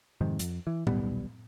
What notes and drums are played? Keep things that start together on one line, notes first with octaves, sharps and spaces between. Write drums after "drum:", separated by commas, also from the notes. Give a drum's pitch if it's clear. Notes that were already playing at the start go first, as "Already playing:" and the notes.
F2 G#2 C3 D#3
F2, drum: hi-hat
E3
D#1 B1 G3 B3, drum: tom A2